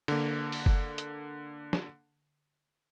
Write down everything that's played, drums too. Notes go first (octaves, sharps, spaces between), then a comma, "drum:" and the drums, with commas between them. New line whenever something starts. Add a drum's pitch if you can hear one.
D3 A#3, drum: cymbal
drum: open hi-hat
drum: kick F#1
drum: hi-hat
drum: snare